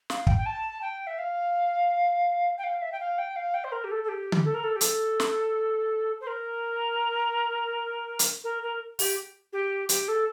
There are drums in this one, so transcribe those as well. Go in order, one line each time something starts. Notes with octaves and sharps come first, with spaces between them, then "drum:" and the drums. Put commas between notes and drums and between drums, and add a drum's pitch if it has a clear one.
F5, drum: snare
G5, drum: kick
G5
A5
G5
E5
F5
G5
F5
E5
G5
F5
G5
F5
G5
C5
A#4
G4
A4
A4
G4
drum: tom D3
A4
A#4
A4
G4
A4, drum: hi-hat
drum: snare
C5
A#4
drum: hi-hat
A#4
A#4
G4, drum: open hi-hat
G4
G4, drum: hi-hat
A4